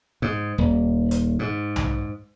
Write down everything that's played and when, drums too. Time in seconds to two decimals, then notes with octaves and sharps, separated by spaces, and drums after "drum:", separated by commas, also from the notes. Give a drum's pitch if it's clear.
0.22 G#2
0.58 D#1
1.11 drum: hi-hat
1.39 G#2
1.76 drum: tom B1